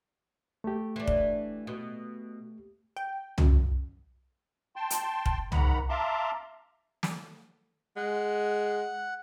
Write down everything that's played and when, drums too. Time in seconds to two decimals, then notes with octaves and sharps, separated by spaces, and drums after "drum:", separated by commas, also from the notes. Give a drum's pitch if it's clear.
0.64 A3 G4
0.96 E3 D4
1.07 drum: kick
1.67 B2
2.96 G5
3.38 F#2, drum: tom C2
4.76 G5 A5 C6
4.90 drum: hi-hat
5.26 drum: kick
5.52 G#2 D#3 F#5 A#5 B5, drum: tom C2
5.89 E5 F5 A5 A#5 C6 D6
7.03 drum: snare
7.96 G#3 F#5